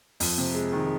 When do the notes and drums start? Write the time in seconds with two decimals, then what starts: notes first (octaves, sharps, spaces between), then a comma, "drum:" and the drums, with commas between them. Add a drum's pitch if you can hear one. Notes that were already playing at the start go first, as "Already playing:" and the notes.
0.20 F2, drum: open hi-hat
0.38 C3
0.55 G#3
0.72 D#3